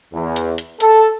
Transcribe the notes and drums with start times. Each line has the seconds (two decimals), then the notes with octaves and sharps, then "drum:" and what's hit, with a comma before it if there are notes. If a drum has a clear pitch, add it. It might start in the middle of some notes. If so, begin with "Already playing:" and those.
0.13 E2
0.36 drum: hi-hat
0.58 drum: hi-hat
0.80 A4, drum: hi-hat